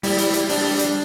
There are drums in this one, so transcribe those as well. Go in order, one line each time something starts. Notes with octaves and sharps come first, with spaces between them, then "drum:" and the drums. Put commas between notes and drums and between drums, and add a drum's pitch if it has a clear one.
G3 E4, drum: open hi-hat
drum: hi-hat
drum: hi-hat
D4, drum: open hi-hat
drum: hi-hat